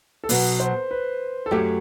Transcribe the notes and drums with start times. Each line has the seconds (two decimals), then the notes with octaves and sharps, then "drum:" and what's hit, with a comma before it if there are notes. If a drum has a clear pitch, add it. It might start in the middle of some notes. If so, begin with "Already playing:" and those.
0.24 A4
0.29 B2 F#3 B3 B4, drum: open hi-hat
0.60 C5
0.91 B4
1.46 A4
1.51 F#2 F#3 A3 G4